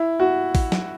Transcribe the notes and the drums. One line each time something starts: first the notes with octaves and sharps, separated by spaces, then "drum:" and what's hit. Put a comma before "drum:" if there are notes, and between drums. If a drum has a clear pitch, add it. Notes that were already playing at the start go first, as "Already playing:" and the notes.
Already playing: E4
F#4
drum: kick A1, open hi-hat
drum: snare